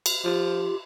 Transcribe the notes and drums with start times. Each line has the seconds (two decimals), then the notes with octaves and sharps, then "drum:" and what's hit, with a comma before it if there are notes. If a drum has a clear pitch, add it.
0.06 drum: cymbal
0.25 F3 F4 G4